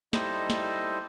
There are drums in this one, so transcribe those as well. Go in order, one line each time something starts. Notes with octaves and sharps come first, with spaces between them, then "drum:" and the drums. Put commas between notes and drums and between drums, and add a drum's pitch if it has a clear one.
G3 D#4 E4 A4 C5 D#5, drum: snare
drum: snare